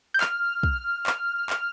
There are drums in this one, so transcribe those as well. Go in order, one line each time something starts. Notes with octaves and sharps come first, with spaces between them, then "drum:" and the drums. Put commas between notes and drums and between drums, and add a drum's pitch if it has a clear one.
G6
F6, drum: clap
drum: kick
drum: clap
drum: clap